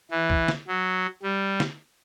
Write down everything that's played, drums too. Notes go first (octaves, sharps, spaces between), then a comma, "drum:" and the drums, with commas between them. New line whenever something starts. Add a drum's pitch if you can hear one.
E3
drum: kick
drum: snare
F#3
G3
drum: snare